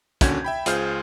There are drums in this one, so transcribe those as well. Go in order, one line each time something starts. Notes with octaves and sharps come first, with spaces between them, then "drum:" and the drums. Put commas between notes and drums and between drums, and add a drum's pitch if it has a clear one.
D#2 D3 C#4 F#4 G6 G#6, drum: kick, hi-hat
E5 G5 B5
C#2 F4 G#4 C5 F6 G6, drum: hi-hat